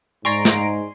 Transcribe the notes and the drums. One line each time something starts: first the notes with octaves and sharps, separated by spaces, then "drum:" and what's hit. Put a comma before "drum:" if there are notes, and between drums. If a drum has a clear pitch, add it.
G#2 D5 G#5 A#5 C6 C#6 D7
drum: snare